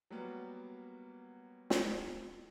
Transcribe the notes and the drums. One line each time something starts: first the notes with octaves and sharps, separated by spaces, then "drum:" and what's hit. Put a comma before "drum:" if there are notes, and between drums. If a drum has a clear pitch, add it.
F#3 G3 A#3 B3
drum: snare